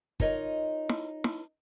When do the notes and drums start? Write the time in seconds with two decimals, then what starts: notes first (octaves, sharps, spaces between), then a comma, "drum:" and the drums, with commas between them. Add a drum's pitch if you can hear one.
0.20 D#4 F4 A#4 C#5 D#5, drum: kick
0.89 drum: snare
1.24 drum: snare